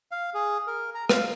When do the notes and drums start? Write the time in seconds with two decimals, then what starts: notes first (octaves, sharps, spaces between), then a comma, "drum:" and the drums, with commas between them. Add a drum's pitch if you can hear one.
0.11 F5
0.34 G#4
0.67 A#4
0.94 A#5
1.09 F5, drum: rim click